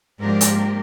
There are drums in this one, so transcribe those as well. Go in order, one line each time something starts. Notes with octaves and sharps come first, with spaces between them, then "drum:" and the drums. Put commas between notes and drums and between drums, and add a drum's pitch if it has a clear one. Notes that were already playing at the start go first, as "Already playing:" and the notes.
G#2 F3 A#3 D4 G4 A#4
drum: hi-hat